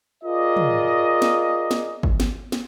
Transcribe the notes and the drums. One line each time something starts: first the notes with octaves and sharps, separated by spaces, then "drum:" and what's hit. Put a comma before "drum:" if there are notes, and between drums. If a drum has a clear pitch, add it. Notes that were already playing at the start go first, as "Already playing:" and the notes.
F4 G#4 A#4 D5 D#5
drum: tom
drum: snare
drum: snare
drum: kick
drum: snare
drum: snare